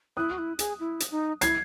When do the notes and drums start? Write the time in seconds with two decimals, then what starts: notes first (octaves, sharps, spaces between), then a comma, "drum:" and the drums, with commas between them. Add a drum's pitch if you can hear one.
0.17 E4 D#6 F#6
0.31 F#4
0.38 E4
0.59 G#4, drum: hi-hat
0.80 E4
1.00 drum: hi-hat
1.11 D#4
1.41 E4 G#6 C7, drum: hi-hat